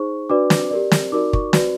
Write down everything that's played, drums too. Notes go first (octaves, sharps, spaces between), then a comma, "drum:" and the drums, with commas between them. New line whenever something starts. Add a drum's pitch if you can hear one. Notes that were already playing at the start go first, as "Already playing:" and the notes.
Already playing: D#4 G#4 C5 C#6
D4 F#4 B4 D5 D6
drum: snare
G4 A#4 D5
drum: snare
D#4 F#4 A#4 D5 D6
C#6, drum: kick
F#4 B4 D5, drum: snare